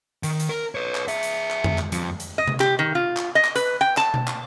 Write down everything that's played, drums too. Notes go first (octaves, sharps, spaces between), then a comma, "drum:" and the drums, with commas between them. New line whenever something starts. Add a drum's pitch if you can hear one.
D#3, drum: hi-hat
drum: hi-hat
A#4
B4 C#5
drum: clap
G#4 E5, drum: hi-hat
drum: hi-hat
drum: clap
drum: tom F2
drum: clap
F2, drum: hi-hat
drum: hi-hat
D#5
drum: tom C3
G4, drum: clap
D#3
F4
drum: clap
D#5
drum: clap
B4, drum: hi-hat
G5
A5, drum: clap
drum: tom B2
drum: clap